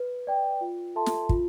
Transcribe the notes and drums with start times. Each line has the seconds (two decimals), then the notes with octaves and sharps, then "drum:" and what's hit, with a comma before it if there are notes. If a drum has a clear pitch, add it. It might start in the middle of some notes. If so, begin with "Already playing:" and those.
Already playing: B4
0.27 D5 G5
0.61 F4
0.95 A4 E5 A5 C6
1.06 drum: snare
1.29 F4, drum: kick